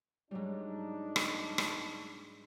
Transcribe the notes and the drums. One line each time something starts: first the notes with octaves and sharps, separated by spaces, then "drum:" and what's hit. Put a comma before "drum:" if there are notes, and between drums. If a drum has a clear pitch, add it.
G#2 F#3 G3 D4 D#4
drum: rim click
drum: rim click